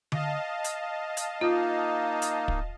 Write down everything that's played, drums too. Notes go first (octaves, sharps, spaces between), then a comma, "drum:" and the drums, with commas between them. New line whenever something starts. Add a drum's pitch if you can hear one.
D#5 F5 A5, drum: tom D3
drum: hi-hat
drum: hi-hat
A#3 D#4 F4
drum: hi-hat
drum: kick